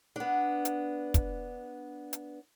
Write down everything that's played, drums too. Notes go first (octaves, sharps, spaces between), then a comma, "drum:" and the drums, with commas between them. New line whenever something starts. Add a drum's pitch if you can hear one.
B3 D4
drum: hi-hat
drum: kick, hi-hat
drum: hi-hat